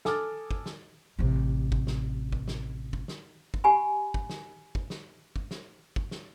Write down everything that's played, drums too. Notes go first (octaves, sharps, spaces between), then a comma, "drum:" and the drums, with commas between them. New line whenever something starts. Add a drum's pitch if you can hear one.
A4 G#5 D6 D#6 F6 A6, drum: snare
drum: kick
drum: snare
A1 C3
drum: kick
drum: snare
drum: kick
drum: snare
drum: kick
drum: snare
drum: kick
G4 G#5 B5
drum: kick
drum: snare
drum: kick
drum: snare
drum: kick
drum: snare
drum: kick
drum: snare